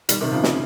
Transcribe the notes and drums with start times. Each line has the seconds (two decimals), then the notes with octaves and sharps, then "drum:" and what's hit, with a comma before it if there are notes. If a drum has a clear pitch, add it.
0.09 D#3 G3, drum: hi-hat
0.21 C3 D#3
0.32 C#3 F3
0.43 drum: snare